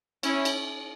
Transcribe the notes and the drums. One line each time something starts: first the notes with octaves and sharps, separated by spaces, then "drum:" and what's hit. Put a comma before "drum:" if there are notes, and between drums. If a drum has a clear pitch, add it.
C#4 E4, drum: cymbal
drum: cymbal